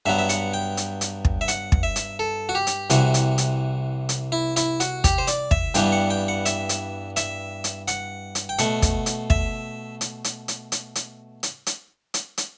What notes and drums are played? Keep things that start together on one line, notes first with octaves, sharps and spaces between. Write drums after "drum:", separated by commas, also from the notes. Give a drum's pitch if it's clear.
G2 F#3 B3 E5
E5
F#5, drum: hi-hat
G5
drum: hi-hat
drum: hi-hat
drum: kick
E5
F#5, drum: hi-hat
drum: kick
E5
drum: hi-hat
A4
F#4
G4
drum: hi-hat
C2 C3 E3 F#4, drum: hi-hat
drum: hi-hat
drum: hi-hat
drum: hi-hat
E4
E4, drum: hi-hat
F#4, drum: hi-hat
G4, drum: kick, hi-hat
C5
D5, drum: hi-hat
E5, drum: kick
G2 E3 G3 B3 G5, drum: hi-hat
F#5
G5
F#5
E5, drum: hi-hat
drum: hi-hat
E5, drum: hi-hat
drum: hi-hat
F#5, drum: hi-hat
drum: hi-hat
G5
B2 A3 F#5, drum: hi-hat
drum: kick, hi-hat
drum: hi-hat
E5, drum: kick
drum: hi-hat
drum: hi-hat
drum: hi-hat
drum: hi-hat
drum: hi-hat
drum: hi-hat
drum: hi-hat
drum: hi-hat
drum: hi-hat